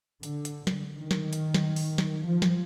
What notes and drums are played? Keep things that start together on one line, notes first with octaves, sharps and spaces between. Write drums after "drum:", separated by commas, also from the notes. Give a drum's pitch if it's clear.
D3, drum: hi-hat
drum: hi-hat
drum: snare
D#3
drum: snare
drum: hi-hat
drum: snare
drum: open hi-hat
drum: snare
F3
drum: snare